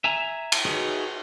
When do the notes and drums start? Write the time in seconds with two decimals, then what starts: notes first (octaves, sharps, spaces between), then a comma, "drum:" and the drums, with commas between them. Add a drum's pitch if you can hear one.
0.04 E5 G#5 A#5
0.52 drum: cymbal
0.65 D#4 F#4 G#4 B4 C#5